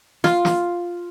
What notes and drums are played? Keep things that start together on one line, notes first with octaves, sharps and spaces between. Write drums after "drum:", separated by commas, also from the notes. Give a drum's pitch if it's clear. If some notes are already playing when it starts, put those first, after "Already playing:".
F4, drum: snare
drum: snare